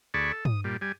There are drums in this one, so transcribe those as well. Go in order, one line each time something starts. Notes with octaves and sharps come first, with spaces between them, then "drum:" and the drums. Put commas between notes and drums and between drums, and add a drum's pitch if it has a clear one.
D2 G#4 D5 A5 B5 C#6
A4
D#6, drum: tom
A#2 G3
G3 G#5